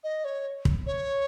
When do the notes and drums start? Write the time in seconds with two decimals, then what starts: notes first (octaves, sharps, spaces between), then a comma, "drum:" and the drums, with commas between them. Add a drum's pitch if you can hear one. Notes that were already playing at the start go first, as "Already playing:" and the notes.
0.03 D#5
0.24 C#5
0.65 drum: kick
0.86 C#5